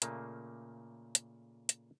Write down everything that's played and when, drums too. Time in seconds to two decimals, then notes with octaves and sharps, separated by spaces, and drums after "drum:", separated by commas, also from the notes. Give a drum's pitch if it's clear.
0.02 A#2 C#3 A3 A#3, drum: hi-hat
1.15 drum: hi-hat
1.69 drum: hi-hat